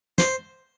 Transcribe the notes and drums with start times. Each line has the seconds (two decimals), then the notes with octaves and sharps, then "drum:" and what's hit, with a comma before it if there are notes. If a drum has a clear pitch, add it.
0.18 C5, drum: snare